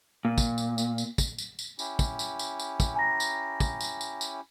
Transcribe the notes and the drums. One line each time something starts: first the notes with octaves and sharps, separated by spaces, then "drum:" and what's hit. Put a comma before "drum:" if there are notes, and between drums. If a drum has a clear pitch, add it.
A#2
drum: kick, tambourine
drum: tambourine
drum: tambourine
drum: tambourine
drum: kick, tambourine
drum: tambourine
drum: tambourine
C#4 E4 G4, drum: tambourine
drum: kick, tambourine
drum: tambourine
drum: tambourine
drum: tambourine
drum: kick, tambourine
G#5 A#5 A#6
drum: tambourine
drum: kick, tambourine
drum: tambourine
drum: tambourine
drum: tambourine